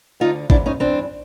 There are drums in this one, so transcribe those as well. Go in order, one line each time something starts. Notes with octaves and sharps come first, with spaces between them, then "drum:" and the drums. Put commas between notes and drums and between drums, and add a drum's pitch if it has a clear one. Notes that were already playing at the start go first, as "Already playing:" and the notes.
D2 D3 D#4 F4
G#2 E3 D4 E4, drum: kick
C#4 D#4
G2 E3 C4 D4